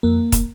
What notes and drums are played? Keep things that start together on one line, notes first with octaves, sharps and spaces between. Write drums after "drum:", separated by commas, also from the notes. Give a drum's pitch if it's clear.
F2 A#3
drum: kick, hi-hat